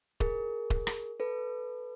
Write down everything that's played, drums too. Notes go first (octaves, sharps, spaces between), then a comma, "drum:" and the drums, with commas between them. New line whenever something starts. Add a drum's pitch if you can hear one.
G#4 A#4, drum: kick D#1
drum: kick D#1
drum: rim click
A4 B4